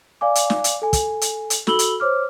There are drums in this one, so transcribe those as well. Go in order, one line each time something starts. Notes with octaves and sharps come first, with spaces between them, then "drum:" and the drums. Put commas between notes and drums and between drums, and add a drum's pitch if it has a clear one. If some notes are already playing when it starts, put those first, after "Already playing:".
D5 F5 G#5 D6
drum: hi-hat
drum: snare
drum: hi-hat
A4 G#5
drum: kick, hi-hat
drum: hi-hat
drum: hi-hat
F#4 A4 B5 E6 F#7 G7, drum: snare
drum: hi-hat
C5 C#5 D6 F6